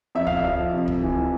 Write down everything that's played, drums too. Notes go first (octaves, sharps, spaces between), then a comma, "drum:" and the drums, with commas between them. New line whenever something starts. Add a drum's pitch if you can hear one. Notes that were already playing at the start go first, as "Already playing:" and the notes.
F2 E5
F5, drum: kick
E5
F3
C3
drum: kick
E3